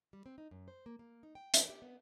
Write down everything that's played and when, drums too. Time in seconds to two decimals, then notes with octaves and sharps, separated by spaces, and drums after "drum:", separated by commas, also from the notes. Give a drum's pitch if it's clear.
0.13 G3
0.26 C4
0.38 D#4
0.51 F#2
0.68 C5
0.86 A#3
0.99 A#3
1.23 D#4
1.35 G5
1.54 E3, drum: hi-hat
1.69 G4
1.82 B3